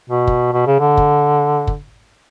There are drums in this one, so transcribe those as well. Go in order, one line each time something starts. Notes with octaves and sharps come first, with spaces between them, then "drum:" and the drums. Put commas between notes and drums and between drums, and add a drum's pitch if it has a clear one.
B2
drum: kick
B2
C#3
D3
drum: kick
drum: kick